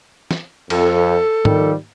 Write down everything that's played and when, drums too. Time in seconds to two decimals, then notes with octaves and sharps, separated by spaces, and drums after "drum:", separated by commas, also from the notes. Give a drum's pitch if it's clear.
0.31 drum: snare
0.70 F2 A4, drum: cymbal
1.45 D#3 F3 G3, drum: tom G#2